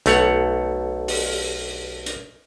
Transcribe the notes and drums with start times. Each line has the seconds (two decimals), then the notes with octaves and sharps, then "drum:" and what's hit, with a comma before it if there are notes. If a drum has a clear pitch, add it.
0.06 B1 A3 C#5 F#5, drum: hi-hat
1.08 drum: open hi-hat
2.06 drum: hi-hat